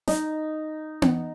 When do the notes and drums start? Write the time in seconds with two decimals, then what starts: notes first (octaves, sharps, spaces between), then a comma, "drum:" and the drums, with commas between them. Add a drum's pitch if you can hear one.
0.08 D#4, drum: snare
1.02 drum: tom B3